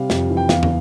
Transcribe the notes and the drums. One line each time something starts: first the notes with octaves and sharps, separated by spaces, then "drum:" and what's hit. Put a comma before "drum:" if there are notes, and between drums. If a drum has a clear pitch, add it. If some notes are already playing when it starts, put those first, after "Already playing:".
Already playing: C3 G3 F5
F2, drum: snare
E3
G5
E2 F5, drum: snare
drum: tom